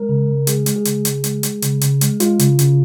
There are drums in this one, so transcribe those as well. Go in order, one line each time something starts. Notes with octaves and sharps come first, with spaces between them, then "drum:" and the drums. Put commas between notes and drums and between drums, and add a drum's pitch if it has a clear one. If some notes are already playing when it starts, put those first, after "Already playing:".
Already playing: G#3 A#4
C#3
C#3
G#3 G#4, drum: hi-hat
G#3, drum: hi-hat
G#4
C#3, drum: hi-hat
C#3, drum: hi-hat
G#3, drum: hi-hat
G#3, drum: hi-hat
C#3, drum: hi-hat
C#3, drum: hi-hat
G#3, drum: hi-hat
G#3 F4, drum: hi-hat
C#3, drum: hi-hat
C#3, drum: hi-hat